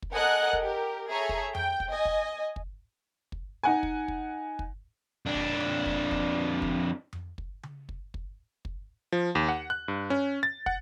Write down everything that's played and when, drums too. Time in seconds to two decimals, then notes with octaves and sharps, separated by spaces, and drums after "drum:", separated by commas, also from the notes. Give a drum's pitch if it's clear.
0.02 drum: kick
0.13 A4 A#4 D#5 F#5 G#5 F#6
0.53 drum: kick
0.62 G4 A#4
1.10 G#4 A4 C#5 E5 G#5 A#5
1.29 drum: kick
1.55 G5, drum: tom F2
1.80 drum: kick
1.91 D#5 G#5
2.05 drum: kick
2.56 drum: kick
3.32 drum: kick
3.63 D#4 F#5 G#5
3.83 drum: kick
4.08 drum: kick
4.59 drum: kick
5.26 F2 D4
5.35 drum: kick
5.60 drum: tom C#3
5.86 drum: kick
6.11 drum: kick
6.62 drum: kick
7.13 drum: tom F2
7.38 drum: kick
7.63 drum: tom C#3
7.89 drum: kick
8.14 drum: kick
8.65 drum: kick
9.12 F3
9.35 D#2
9.49 F#5
9.70 F#6
9.88 G2
10.10 C#4
10.43 A6
10.66 F#5, drum: kick